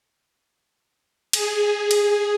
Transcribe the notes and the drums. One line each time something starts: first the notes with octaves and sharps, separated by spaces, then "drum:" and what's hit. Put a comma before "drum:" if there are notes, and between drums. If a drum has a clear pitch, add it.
G#4, drum: cymbal
drum: cymbal